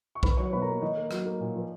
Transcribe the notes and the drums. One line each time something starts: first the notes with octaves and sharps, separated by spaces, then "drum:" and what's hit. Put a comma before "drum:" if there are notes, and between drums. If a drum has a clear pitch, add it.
C#6
D#3 B4 B5, drum: kick B1
F#3 C#5 C#6
B2 B4 B5
A#4 A#5
A#3
D#3 D#4 D#5
A#3
F#3, drum: rim click
A#3
A#2
F3